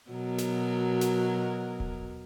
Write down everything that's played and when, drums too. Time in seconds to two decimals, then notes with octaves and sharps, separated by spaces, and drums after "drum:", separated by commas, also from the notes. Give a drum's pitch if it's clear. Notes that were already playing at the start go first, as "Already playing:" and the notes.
0.10 B2 F#3 A#4
0.38 drum: snare
1.01 drum: snare
1.80 drum: kick D#1